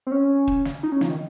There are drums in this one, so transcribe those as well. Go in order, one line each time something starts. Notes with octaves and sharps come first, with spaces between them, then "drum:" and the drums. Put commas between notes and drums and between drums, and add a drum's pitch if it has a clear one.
C4
C#4
drum: kick
drum: snare
D#4
C#4
F3, drum: snare
D#3